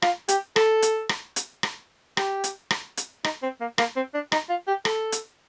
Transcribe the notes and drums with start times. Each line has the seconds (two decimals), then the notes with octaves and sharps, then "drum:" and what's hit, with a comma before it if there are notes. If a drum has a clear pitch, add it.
0.02 F4, drum: rim click
0.28 G4, drum: hi-hat
0.56 A4, drum: rim click
0.82 drum: hi-hat
1.09 drum: rim click
1.36 drum: hi-hat
1.63 drum: rim click
2.17 G4, drum: rim click
2.44 drum: hi-hat
2.71 drum: rim click
2.97 drum: hi-hat
3.24 D#4, drum: rim click
3.42 C4
3.61 A#3
3.78 A#3, drum: rim click
3.96 C4
4.14 D4
4.32 D#4, drum: rim click
4.49 F4
4.67 G4
4.85 A4, drum: rim click
5.12 drum: hi-hat